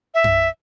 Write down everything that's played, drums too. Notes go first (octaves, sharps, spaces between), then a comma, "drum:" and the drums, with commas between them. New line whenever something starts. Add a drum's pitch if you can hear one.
E5
drum: tom F#2